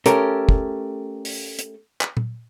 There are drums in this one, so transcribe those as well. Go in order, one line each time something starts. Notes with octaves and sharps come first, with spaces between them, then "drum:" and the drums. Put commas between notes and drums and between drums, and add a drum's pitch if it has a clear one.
A3 C#4 G4 A4 A#4, drum: hi-hat
drum: kick
drum: open hi-hat
drum: hi-hat
drum: clap
drum: tom